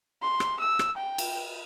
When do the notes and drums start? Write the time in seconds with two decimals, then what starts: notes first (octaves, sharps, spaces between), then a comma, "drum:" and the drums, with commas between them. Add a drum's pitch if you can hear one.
0.22 C6
0.40 drum: rim click
0.60 E6
0.79 drum: rim click
0.97 G5
1.18 drum: cymbal